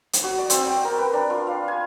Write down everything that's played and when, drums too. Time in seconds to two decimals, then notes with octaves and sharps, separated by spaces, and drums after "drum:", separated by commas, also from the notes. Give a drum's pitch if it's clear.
0.13 drum: hi-hat
0.23 F#4
0.38 D5
0.50 C4, drum: hi-hat
0.70 G5
0.84 A#4
0.98 B4
1.13 D4
1.30 F4
1.47 F5
1.68 G#5